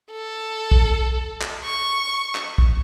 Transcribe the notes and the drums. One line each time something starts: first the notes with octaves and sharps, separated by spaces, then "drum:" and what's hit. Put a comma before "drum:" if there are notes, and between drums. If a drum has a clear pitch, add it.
A4
drum: kick
drum: clap
C#6
drum: clap
drum: kick